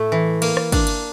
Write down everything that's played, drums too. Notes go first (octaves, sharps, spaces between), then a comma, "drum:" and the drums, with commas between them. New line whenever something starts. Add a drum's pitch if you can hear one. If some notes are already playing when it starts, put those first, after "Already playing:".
Already playing: A2 A3 E4
E3
A#3, drum: cymbal
drum: rim click
D4, drum: kick, cymbal
drum: cymbal